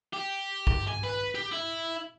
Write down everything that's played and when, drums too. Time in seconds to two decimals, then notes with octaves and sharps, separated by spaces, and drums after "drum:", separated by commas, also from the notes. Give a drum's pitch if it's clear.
0.13 G4
0.67 drum: kick
0.88 G#5
1.04 B4
1.35 G4
1.52 E4